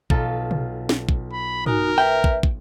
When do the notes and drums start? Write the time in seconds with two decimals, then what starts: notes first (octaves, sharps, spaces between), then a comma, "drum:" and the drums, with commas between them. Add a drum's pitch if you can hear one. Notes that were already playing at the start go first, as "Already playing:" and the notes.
0.10 B1 F4 A4, drum: kick
0.51 drum: tom
0.89 drum: snare
1.09 drum: kick
1.32 B5
1.66 D#4 F#4 A#4 G#5, drum: tom
1.98 B4 E5 G5
2.24 drum: kick
2.43 drum: kick